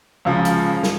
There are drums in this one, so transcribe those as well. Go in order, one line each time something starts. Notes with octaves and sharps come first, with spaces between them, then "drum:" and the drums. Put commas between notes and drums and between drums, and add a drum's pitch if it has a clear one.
C#2 C#3 F3
drum: hi-hat
drum: snare